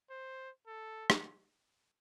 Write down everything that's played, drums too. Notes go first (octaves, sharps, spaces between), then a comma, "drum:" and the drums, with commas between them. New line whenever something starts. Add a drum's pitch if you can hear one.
C5
A4
drum: rim click